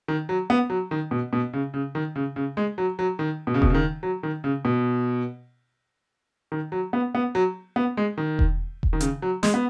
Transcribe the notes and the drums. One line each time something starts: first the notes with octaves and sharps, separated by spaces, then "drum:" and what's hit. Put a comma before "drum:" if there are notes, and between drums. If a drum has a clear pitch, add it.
D#3
F#3
B3
F#3
D#3
B2
B2
C#3
C#3
D#3
C#3
C#3
G#3
F#3
F#3
D#3
B2
C#3
B2, drum: kick E1
C#3
D#3
F#3
D#3
C#3
B2
D#3
F#3
B3
B3
F#3
B3
G#3
D#3
drum: kick E1
drum: kick E1
D#3
C#3, drum: hi-hat
F#3
G#3, drum: snare
B3